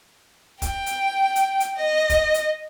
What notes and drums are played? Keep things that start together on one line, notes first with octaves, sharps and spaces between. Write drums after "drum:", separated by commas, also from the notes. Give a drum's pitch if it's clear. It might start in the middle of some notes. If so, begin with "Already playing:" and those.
G5, drum: kick, hi-hat
drum: hi-hat
drum: hi-hat
drum: hi-hat
D#5
drum: kick, hi-hat
drum: hi-hat